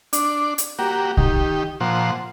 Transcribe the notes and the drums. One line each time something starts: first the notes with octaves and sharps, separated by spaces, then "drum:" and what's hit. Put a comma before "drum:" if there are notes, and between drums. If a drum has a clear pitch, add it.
D4, drum: hi-hat
drum: hi-hat
A#3 F#4 G4
D#3 G4, drum: kick
A#2 F3 C5 F#5